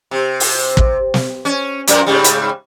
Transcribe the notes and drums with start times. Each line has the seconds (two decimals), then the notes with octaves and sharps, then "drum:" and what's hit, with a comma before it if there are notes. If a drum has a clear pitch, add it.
0.11 C3
0.40 drum: open hi-hat
0.77 drum: kick
1.14 drum: snare
1.45 C#4
1.88 F#2 A#2 A#4, drum: hi-hat
2.06 G#2 C#3 G3
2.24 drum: hi-hat